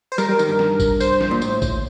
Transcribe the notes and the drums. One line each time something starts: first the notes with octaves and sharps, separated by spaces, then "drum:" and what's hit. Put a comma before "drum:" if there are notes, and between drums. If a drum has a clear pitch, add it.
C5
G3 A#4, drum: tambourine
G3
D#3, drum: tambourine
G2
drum: snare
drum: kick A1, tambourine
C5, drum: tambourine
drum: snare
A#2
A2, drum: tambourine
drum: kick A1, tambourine